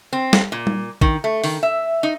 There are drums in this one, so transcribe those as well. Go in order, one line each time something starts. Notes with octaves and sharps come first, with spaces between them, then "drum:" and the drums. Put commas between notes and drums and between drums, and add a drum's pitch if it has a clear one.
C4
drum: snare
A#2
drum: tom G3
D#3, drum: kick
A3
D#3, drum: open hi-hat
E5
D#4